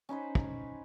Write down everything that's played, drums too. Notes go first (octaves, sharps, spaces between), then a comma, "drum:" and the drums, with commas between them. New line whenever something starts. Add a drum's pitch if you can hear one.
C#4 D#4 B4 C5
drum: kick